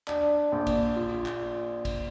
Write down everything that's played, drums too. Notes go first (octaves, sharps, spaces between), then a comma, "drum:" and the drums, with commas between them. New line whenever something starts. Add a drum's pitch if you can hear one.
D4, drum: clap
A#1
drum: kick, cymbal
F4
drum: clap
drum: kick, cymbal